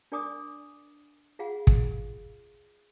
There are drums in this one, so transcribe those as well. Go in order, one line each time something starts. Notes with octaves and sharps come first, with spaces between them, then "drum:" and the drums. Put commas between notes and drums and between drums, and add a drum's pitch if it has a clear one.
D4 A#4 D5 G#5 D6 D#6
F4 G#4 F5 F#5
drum: kick